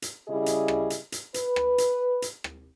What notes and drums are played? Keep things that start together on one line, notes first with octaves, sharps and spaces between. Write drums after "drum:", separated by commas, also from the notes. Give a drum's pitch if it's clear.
drum: hi-hat
C#3 G3 E4 G#4 D#5
drum: hi-hat
drum: rim click
drum: hi-hat
drum: hi-hat
B4, drum: hi-hat
drum: rim click
drum: hi-hat
drum: hi-hat
drum: rim click